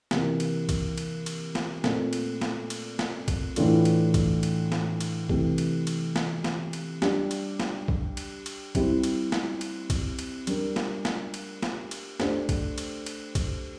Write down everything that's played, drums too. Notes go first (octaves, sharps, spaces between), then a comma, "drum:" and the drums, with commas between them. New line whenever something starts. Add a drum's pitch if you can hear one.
C3 E3 A#3, drum: snare
drum: cymbal
drum: kick A#1, cymbal
drum: cymbal
drum: cymbal
drum: snare
A#2 A3 C4, drum: snare
drum: cymbal
drum: snare
drum: cymbal
drum: snare
drum: kick A#1, cymbal
A2 E3 A3 D4 F4, drum: cymbal
drum: cymbal
drum: kick A#1, cymbal
drum: cymbal
drum: snare
drum: cymbal
C3 E3 A3, drum: kick A#1
drum: cymbal
drum: cymbal
drum: snare
drum: snare
drum: cymbal
G3 D4 G4, drum: snare
drum: cymbal
drum: snare
drum: kick A#1
drum: cymbal
drum: cymbal
G3 C4 E4 G4, drum: kick A#1, cymbal
drum: cymbal
drum: snare
drum: cymbal
drum: kick A#1, cymbal
drum: cymbal
G3 D4 G4 A#4, drum: cymbal
drum: snare
drum: snare
drum: cymbal
drum: snare
drum: cymbal
A3 D4 G4 C5, drum: snare
drum: kick A#1, cymbal
drum: cymbal
drum: cymbal
drum: kick A#1, cymbal